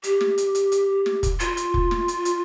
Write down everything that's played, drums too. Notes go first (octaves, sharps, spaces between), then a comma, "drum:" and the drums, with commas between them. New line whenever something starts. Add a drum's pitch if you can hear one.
G4, drum: hi-hat
drum: snare
drum: hi-hat
drum: hi-hat
drum: hi-hat
drum: snare
drum: kick, hi-hat
F4, drum: hi-hat
drum: hi-hat
drum: kick
drum: snare
drum: hi-hat
drum: hi-hat